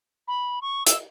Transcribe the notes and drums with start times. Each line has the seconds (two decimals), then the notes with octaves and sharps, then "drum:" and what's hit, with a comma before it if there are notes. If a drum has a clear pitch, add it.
0.28 B5
0.62 C#6
0.86 E6, drum: hi-hat